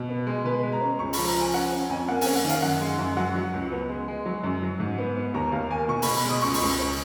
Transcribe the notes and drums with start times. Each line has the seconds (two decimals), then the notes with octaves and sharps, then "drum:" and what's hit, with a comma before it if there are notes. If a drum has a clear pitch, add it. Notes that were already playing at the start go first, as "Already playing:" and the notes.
Already playing: B2
0.09 B3
0.27 G#3
0.44 B2 B4
0.63 G#3
0.72 A#5
0.81 C#4
0.99 C#2 C#6
1.13 B5, drum: open hi-hat
1.17 F3
1.26 A#5
1.35 F3 G#5
1.54 C#4 F#5
1.72 C#4
1.90 F2 G#5
2.08 A#3 F#5
2.21 G#5, drum: open hi-hat
2.26 C#4
2.35 F#5
2.44 D#3
2.49 F5, drum: hi-hat
2.62 F#2 F#5
2.81 G#3
2.99 F#2
3.17 F#3 F#5
3.35 F#3
3.54 C#2
3.71 B3
3.89 G#3
4.08 G#3
4.26 F#3
4.44 F#2
4.62 F#3
4.80 G#2
4.98 B3
5.16 B3
5.34 D#2 A#5
5.52 D#2 F5
5.70 A#3 G#5
5.88 B2 C#6
6.02 B2 B5, drum: open hi-hat
6.16 B5
6.25 G#3 D#6
6.42 C#2 C#6
6.54 B5, drum: open hi-hat
6.61 C#2 C#6
6.79 C#4